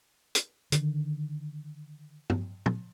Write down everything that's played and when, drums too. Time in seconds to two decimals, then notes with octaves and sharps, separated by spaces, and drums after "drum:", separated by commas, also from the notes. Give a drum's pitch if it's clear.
0.35 drum: hi-hat
0.72 D3 D#3, drum: hi-hat
2.30 drum: tom
2.66 drum: tom